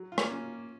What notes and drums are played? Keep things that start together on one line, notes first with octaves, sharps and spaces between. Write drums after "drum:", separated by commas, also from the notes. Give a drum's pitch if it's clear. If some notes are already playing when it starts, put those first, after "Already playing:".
Already playing: F#3
F4
A#3, drum: rim click
C#4